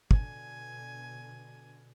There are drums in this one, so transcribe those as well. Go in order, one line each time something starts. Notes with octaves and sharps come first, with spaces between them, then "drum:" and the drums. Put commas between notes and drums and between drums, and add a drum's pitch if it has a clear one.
B2 D3 G#5, drum: kick